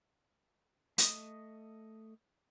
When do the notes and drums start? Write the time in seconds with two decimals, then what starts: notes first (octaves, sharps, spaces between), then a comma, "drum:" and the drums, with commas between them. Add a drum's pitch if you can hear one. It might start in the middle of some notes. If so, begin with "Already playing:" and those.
0.98 A3 D#5 D#6, drum: hi-hat